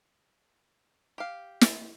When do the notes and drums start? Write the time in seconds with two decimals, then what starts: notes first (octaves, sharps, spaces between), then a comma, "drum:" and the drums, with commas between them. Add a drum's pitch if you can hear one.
1.18 G4 F5
1.61 drum: snare